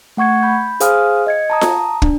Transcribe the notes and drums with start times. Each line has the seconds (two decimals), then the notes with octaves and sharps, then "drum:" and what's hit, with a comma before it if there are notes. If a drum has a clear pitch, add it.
0.17 A3 F#5 C#6 G#6 C#7
0.43 B5 G6
0.80 G#4 C5 F5 G#5 D#6 F6, drum: hi-hat
1.27 D#5 G#6 C#7
1.50 A5 A#5 D#6
1.61 drum: snare F4
2.02 D4, drum: kick